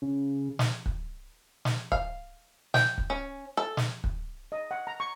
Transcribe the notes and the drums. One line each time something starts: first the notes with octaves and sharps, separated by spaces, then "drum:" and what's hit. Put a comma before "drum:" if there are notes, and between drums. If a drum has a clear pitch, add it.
C#3
drum: snare
drum: kick
drum: snare
F5, drum: kick
G5, drum: snare
drum: kick
C#4
A4
drum: snare
drum: kick
D#5
F#5
A#5
C#6